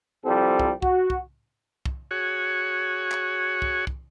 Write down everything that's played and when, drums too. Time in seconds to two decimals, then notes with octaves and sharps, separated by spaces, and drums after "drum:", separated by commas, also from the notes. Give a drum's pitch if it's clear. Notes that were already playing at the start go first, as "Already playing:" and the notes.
0.25 C2 F3 G3 C4 A4
0.60 drum: kick
0.82 F#4, drum: kick
1.10 drum: kick
1.86 drum: kick
2.11 F#4 G#4 C#5
3.11 drum: clap
3.62 drum: kick
3.87 drum: kick